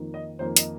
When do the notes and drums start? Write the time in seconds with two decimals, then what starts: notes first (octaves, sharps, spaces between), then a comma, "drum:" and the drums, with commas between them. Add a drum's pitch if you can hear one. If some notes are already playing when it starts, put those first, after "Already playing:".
Already playing: F2 D#3 A#3
0.14 D#5
0.39 F2 D#3 A#3 C5
0.56 D#5, drum: hi-hat